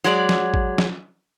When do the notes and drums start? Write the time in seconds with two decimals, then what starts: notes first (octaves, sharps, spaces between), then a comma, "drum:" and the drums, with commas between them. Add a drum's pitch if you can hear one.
0.04 F#3 G#3 G#4 D5
0.29 drum: snare
0.54 drum: kick G#1
0.78 drum: snare